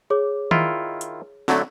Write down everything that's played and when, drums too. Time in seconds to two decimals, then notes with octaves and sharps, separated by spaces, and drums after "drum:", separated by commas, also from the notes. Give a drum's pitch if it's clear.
0.10 G#4 C#5 D6
0.51 D#3 E4 F4, drum: tom D#3
1.01 drum: hi-hat
1.48 D3 F#3 A3, drum: snare